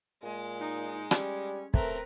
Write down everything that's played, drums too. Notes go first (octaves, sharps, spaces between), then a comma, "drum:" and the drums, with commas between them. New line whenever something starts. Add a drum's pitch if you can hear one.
A#2 G#3
D#4
G3 C#4, drum: rim click
A3 C4 A#4 B4 A#5, drum: kick